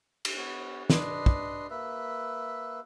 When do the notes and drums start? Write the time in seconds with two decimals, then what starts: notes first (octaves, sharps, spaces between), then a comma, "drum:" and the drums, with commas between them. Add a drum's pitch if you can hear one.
0.25 drum: cymbal
0.36 B3 C#5
0.90 D4 B4 D#5 C6, drum: snare
1.26 drum: kick
1.70 A#3 B4 E5